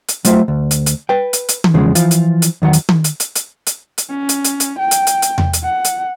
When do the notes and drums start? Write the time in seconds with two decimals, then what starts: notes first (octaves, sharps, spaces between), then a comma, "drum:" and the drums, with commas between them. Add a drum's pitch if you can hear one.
0.08 drum: hi-hat
0.25 F#3 A3 F4 C5 E5, drum: hi-hat
0.48 D2
0.71 drum: hi-hat
0.86 drum: hi-hat
1.09 B4 G5
1.33 drum: hi-hat
1.49 drum: hi-hat
1.64 drum: tom D#3
1.74 E2 C#3 F3 G#3
1.95 E3 F3 F4, drum: hi-hat
2.11 drum: hi-hat
2.42 drum: hi-hat
2.62 E2 D#3 F#3 F#5
2.73 drum: hi-hat
2.89 drum: tom D#3
3.04 drum: hi-hat
3.20 drum: hi-hat
3.35 drum: hi-hat
3.66 drum: hi-hat
3.98 drum: hi-hat
4.10 C#4
4.29 drum: hi-hat
4.44 drum: hi-hat
4.60 drum: hi-hat
4.79 G5
4.91 drum: hi-hat
5.07 drum: hi-hat
5.22 drum: hi-hat
5.38 drum: tom E2
5.53 drum: hi-hat
5.63 F#5
5.84 drum: hi-hat